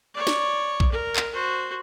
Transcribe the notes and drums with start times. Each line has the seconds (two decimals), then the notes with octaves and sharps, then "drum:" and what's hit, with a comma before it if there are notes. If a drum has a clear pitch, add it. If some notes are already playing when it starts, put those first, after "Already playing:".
0.14 C#5 D5
0.27 drum: snare
0.80 drum: kick A#1
0.92 A#4
1.16 drum: clap
1.33 F#4 C5